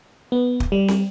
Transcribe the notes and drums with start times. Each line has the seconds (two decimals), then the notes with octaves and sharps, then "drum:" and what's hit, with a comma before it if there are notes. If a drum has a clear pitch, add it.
0.32 B3
0.60 drum: kick
0.72 G3
0.88 drum: snare